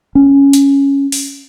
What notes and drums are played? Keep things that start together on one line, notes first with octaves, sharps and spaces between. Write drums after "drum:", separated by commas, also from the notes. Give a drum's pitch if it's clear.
C#4
drum: hi-hat
drum: open hi-hat